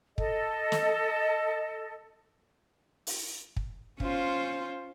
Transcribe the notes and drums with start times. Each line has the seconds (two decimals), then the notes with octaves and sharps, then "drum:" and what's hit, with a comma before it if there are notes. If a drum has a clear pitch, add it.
0.18 A4 D#5, drum: kick
0.72 drum: snare
3.07 drum: open hi-hat
3.56 drum: kick
4.00 C#4 F4 C5, drum: kick